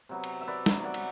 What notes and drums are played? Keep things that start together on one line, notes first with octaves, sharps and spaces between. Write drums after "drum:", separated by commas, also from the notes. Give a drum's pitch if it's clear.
C3 F#3 B3
drum: cymbal
E5
B4 D5
C3 F#3 B3, drum: snare
D5 F#5
drum: cymbal